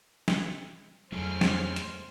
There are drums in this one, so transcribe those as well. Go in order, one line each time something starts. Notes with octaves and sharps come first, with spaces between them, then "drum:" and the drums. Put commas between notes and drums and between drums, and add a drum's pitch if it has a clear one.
drum: snare
F2 F#3 A3 E4 G#4 C5 C6 F6
drum: snare
drum: hi-hat